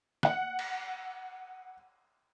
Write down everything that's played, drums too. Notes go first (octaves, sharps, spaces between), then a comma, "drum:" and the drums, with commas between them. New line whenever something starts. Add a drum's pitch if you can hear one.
F#5 F#6, drum: snare
drum: cymbal